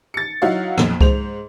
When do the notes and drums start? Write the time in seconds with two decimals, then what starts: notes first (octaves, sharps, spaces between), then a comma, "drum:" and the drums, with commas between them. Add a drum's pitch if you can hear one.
0.14 A6 C#7
0.42 F#3 D#4 E4 C#5 F5 F#5
0.78 B1 F2 A#2, drum: rim click
1.01 G#2 C5 F7, drum: kick C2